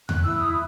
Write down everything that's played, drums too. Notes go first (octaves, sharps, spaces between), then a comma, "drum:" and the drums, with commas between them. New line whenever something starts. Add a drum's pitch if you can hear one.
F#6, drum: tom E2
E4 E6
D#6